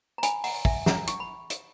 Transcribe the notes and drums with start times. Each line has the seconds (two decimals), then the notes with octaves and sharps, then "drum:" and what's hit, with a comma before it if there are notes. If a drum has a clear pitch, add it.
0.18 A#5
0.23 G#5 B5, drum: hi-hat
0.44 F#5 A#5, drum: open hi-hat
0.65 E5 G#5, drum: kick
0.86 F#5 A#5, drum: snare
1.07 C#6, drum: hi-hat
1.20 B5
1.50 drum: hi-hat